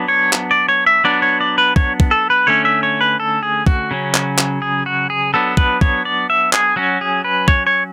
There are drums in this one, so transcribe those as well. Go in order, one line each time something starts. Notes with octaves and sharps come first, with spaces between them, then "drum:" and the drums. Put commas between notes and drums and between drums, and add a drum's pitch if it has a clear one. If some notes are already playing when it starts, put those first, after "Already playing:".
Already playing: F#3 B3 D4
C#5
drum: clap
D5
C#5
E5
F#3 B3 D4 D5
C#5
D5
B4
C#5, drum: kick
drum: kick
A4
B4
D3 A3 C#4 C#5
E5
C#5
B4
A4
G#4
F#4, drum: kick
C#3 F#3 C#4
drum: clap
drum: clap
G#4
F#4
G#4
F#3 B3 D4 A4
B4, drum: kick
C#5, drum: kick
D5
E5
G#4, drum: clap
F#3 C#4 F#4
G#4
B4
C#5, drum: kick
C#5